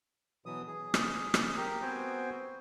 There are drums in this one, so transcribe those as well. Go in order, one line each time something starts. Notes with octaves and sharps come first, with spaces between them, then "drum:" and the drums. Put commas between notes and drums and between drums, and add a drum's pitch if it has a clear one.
B2 E3 F#3 D#6
G#4
drum: rim click
drum: rim click
G4 A#4
B3 C4 F#4 C5 G5 G#5